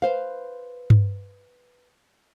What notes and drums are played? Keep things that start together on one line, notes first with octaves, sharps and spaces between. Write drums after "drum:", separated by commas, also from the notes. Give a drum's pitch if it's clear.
B4 C5 F5
drum: tom G2